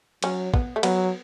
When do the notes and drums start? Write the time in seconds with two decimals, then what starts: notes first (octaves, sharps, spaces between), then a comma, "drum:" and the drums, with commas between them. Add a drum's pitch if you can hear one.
0.23 F#3 C#4, drum: cymbal
0.54 B3, drum: kick
0.76 A3
0.83 F#3 B3, drum: cymbal